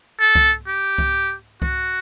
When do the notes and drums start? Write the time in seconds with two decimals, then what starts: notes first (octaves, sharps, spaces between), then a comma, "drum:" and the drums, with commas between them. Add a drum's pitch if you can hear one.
0.20 A4
0.35 drum: kick C2
0.67 G4
0.98 drum: kick C2
1.62 F#4, drum: kick C2